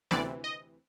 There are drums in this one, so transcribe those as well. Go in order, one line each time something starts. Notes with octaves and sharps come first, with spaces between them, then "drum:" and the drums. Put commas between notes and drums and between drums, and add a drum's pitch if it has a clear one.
D2 C3 E3 D5, drum: snare B3
D#5